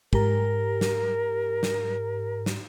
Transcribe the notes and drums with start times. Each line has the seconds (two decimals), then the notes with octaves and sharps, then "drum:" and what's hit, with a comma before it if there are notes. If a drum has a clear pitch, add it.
0.13 G#2 G4 A#4 A#5, drum: kick
0.81 drum: snare
1.63 drum: snare
2.46 drum: snare